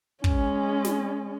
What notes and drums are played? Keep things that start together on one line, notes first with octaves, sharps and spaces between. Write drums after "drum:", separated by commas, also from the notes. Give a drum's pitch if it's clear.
G#3 C#4, drum: kick
drum: snare